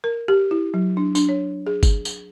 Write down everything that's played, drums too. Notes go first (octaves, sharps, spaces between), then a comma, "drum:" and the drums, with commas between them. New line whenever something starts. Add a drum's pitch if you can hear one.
A#4
G4
E4
F#3
D4
D4, drum: tambourine
C#5
G#4
drum: kick G1, tambourine
drum: tambourine